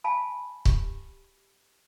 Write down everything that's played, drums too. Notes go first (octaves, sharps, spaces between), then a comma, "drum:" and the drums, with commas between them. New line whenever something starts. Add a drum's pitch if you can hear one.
F5 G#5 A5 B5
G4, drum: kick